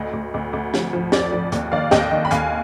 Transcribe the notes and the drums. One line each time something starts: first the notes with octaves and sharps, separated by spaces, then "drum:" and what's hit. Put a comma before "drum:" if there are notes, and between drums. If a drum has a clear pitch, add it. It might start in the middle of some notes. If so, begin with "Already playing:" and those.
Already playing: D2 D#5
D2
D2
D2
F3, drum: snare
F3
F2 D5, drum: snare
F3
D#2, drum: hi-hat
D#3 D5 F5
D#2 D#5 G5, drum: snare
D#3
B5
D#2 F5 G#5, drum: hi-hat